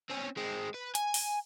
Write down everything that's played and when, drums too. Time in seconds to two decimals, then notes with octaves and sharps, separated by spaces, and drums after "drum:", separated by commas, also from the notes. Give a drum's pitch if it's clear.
0.10 C4 C#4
0.37 G#3 C4
0.74 B4
0.95 G#5, drum: hi-hat
1.14 drum: open hi-hat